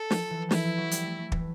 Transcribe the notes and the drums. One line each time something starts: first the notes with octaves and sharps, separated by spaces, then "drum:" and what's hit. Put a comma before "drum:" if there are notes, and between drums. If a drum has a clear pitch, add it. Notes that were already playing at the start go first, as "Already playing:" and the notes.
Already playing: A4
F3, drum: snare
E3
E3 E4, drum: snare
F3
F#3
G3, drum: hi-hat
A3
A3
E3, drum: kick